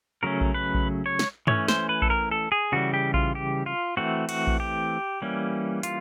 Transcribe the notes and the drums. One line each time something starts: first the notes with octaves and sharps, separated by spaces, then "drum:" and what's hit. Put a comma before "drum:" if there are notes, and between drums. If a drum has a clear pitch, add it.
C#3 F#3 A3 C#4 A#4
drum: kick A#1
B4
drum: kick A#1
C#5
drum: snare
E3 A3 C#4 C#5, drum: tom
C5, drum: snare
B4
A4, drum: kick A#1
A#4
A4
G#4
C#3 E3 G3 F#4
G4
F4, drum: kick A#1
G4
F4
E3 A3 C4 F#4
F#4, drum: cymbal
drum: kick A#1
G4
E3 G3 A#3 C#4
F4, drum: hi-hat